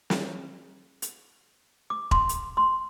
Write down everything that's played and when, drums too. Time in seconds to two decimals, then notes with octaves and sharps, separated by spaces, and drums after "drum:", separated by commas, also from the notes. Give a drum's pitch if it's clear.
0.10 drum: snare
1.02 drum: hi-hat
1.90 D6
2.11 C6, drum: kick E1
2.29 drum: hi-hat
2.57 C6